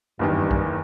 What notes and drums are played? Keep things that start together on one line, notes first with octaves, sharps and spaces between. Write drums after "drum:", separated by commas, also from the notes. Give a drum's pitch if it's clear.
F#1 E2 G2 D#3
drum: kick